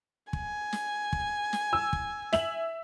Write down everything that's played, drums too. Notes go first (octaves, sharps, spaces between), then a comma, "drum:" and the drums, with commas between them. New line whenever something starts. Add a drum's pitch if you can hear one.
G#5, drum: kick
drum: snare
drum: kick
drum: snare
E6
drum: kick
E5 F#7, drum: snare